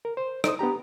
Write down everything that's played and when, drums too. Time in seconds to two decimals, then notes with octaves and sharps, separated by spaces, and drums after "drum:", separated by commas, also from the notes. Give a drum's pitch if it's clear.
0.05 A#4
0.17 C5
0.44 D#4 C5 D#6, drum: rim click
0.59 B3 D4 G4 A#5